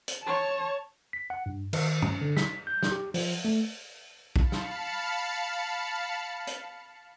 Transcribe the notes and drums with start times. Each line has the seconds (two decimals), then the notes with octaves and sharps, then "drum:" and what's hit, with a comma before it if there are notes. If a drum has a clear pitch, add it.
0.08 drum: hi-hat
0.23 C#5 A5
1.13 B6
1.30 F#5
1.46 G2
1.73 D#3, drum: cymbal
2.02 C#4, drum: tom G2
2.21 D3
2.37 B6, drum: snare
2.67 G6
2.83 drum: snare
2.92 G4
3.14 F3, drum: open hi-hat
3.45 A3
4.36 F5 A5 B5 C#7, drum: kick
4.52 drum: snare
6.47 drum: hi-hat